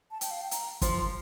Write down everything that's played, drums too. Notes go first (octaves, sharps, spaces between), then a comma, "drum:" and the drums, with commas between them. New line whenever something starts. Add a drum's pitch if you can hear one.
A5
G5, drum: hi-hat
F5
G5
A#5, drum: hi-hat
F3 C6, drum: kick, hi-hat
C6
C6